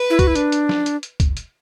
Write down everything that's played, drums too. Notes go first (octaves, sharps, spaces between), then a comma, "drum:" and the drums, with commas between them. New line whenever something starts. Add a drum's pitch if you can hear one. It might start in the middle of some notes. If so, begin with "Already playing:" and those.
Already playing: B4
E4
F#4, drum: kick, hi-hat
E4
D4, drum: hi-hat
drum: hi-hat
drum: snare
drum: hi-hat
drum: hi-hat
drum: kick, hi-hat
drum: hi-hat